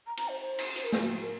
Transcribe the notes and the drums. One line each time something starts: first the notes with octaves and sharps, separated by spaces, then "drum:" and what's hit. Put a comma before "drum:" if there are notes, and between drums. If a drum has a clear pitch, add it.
A#5
A#5, drum: cymbal
C5
C5
drum: cymbal
C5, drum: hi-hat
A#4
G#4, drum: snare
F#4
A#4